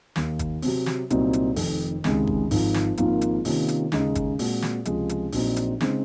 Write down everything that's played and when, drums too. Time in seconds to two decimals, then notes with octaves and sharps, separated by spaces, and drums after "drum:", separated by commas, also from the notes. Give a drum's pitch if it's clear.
0.16 D#2 D#3 A#3, drum: snare
0.39 drum: kick G1, hi-hat
0.62 C3 F#3 C4, drum: open hi-hat
0.86 drum: snare
1.10 C2 A#2 F#3 C4 D#4, drum: hi-hat
1.33 drum: hi-hat
1.56 F1 F2 D#3, drum: open hi-hat
2.04 C#2 C3 D#3 G#3, drum: snare
2.27 drum: kick G1
2.51 G#1 G#2 F3, drum: open hi-hat
2.74 drum: snare
2.97 G#1 G#2 F3 A#3 F4, drum: hi-hat
3.21 drum: hi-hat
3.45 C3 D#3 A#3 C#4 F4, drum: open hi-hat
3.68 drum: hi-hat
3.92 D#2 C#3 G#3 D#4 G#4, drum: snare
4.15 drum: kick G1, hi-hat
4.39 A#2 G#3 C4 F#4, drum: open hi-hat
4.62 drum: snare
4.85 C#2 C3 F3 G#3, drum: hi-hat
5.09 drum: hi-hat
5.32 A#1 A#2 F#3 C4 D#4, drum: open hi-hat
5.56 drum: hi-hat
5.81 C#3 G#3 C4 D#4, drum: snare